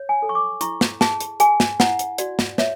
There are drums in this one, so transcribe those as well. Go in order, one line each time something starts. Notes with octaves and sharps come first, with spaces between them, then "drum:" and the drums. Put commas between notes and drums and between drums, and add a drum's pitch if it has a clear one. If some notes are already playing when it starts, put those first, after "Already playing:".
Already playing: C#5
G#5
A4
C#6
D6
E4 C#6, drum: hi-hat
drum: snare
G#4 A5, drum: snare
drum: hi-hat
G#4 G#5, drum: hi-hat
drum: snare
E4 F#5, drum: snare
drum: hi-hat
F#4 D5, drum: hi-hat
drum: snare
C#5 E5, drum: snare